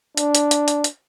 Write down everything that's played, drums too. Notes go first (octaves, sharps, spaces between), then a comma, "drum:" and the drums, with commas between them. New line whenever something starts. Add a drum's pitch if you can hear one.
D4, drum: hi-hat
drum: hi-hat
drum: hi-hat
drum: hi-hat
drum: hi-hat